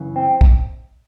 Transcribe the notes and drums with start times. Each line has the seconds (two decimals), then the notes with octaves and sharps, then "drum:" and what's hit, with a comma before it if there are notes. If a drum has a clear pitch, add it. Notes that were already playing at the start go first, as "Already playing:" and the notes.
Already playing: F#2 C#3 E3
0.16 C4
0.41 drum: kick